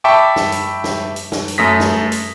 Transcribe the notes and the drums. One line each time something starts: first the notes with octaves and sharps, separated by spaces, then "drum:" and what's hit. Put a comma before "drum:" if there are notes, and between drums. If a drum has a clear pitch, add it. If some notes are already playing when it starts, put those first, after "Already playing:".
E5 G5 A5 B5 C#6 D6
drum: snare
drum: hi-hat
drum: snare
drum: hi-hat
drum: snare
drum: hi-hat
F#2 A3 D#6 A#6 B6
drum: snare
drum: hi-hat